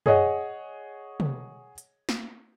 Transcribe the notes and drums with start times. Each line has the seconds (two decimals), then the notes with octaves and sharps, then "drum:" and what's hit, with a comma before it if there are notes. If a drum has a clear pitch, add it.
0.06 G#4 C#5 D#5 F#5, drum: tom
1.20 drum: tom
1.78 drum: hi-hat
2.09 drum: snare